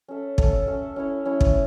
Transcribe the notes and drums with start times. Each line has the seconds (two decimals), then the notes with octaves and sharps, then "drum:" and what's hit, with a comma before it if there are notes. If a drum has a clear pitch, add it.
0.08 C#4 A4 E5
0.38 C#4 A4 E5, drum: kick
0.66 C#4 A4 E5
0.96 C#4 E4 C#5
1.25 C#4 E4 C#5
1.41 drum: kick